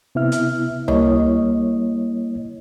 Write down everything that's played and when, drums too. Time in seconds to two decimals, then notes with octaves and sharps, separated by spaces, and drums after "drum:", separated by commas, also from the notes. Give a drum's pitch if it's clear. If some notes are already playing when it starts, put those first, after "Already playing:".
0.15 C3 B3 E4 E5 F6
0.32 drum: hi-hat
0.88 G3 A#3 E4 C#5 D#5, drum: tom C#2